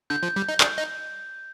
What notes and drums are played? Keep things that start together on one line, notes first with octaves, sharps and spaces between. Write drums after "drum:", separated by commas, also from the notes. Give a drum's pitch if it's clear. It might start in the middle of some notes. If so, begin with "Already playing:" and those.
D3 G6
F3
G3
D#4
D4, drum: clap
D#4